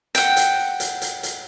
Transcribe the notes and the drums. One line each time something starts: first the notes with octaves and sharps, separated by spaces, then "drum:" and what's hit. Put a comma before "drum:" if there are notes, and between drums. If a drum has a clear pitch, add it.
F#5 G5, drum: hi-hat
drum: hi-hat
drum: hi-hat
drum: hi-hat
drum: hi-hat